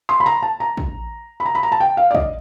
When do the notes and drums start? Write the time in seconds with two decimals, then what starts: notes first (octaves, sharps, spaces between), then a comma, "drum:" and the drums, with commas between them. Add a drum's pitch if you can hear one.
0.09 C6
0.20 B5
0.26 A#5
0.43 A5
0.60 A#5
0.77 drum: kick
1.40 B5
1.46 A#5
1.55 B5
1.63 A#5
1.72 A5
1.80 G5
1.97 F5
2.11 D5
2.15 D#5, drum: kick